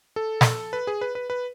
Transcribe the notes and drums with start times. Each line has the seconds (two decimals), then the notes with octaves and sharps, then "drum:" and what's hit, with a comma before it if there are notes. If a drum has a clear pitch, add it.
0.16 A4
0.41 drum: snare
0.73 B4
0.87 G#4
1.01 B4
1.15 B4
1.30 B4